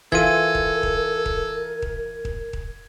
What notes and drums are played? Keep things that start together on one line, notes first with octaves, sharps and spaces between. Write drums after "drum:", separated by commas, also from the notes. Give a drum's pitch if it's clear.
E3 F4 A4 A#4 G#6 D#7, drum: kick D#1
drum: kick D#1
drum: kick D#1
drum: kick D#1
drum: kick D#1
drum: kick D#1
drum: kick D#1